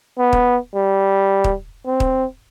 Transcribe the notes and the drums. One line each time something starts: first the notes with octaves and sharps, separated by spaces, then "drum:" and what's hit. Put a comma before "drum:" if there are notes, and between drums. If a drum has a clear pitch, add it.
B3
drum: kick
G3
drum: kick
C4
drum: kick